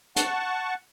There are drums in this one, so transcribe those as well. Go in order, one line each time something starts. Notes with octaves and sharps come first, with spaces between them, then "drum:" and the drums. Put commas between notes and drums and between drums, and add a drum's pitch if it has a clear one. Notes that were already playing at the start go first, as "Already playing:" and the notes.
F#5 A5 C#6, drum: hi-hat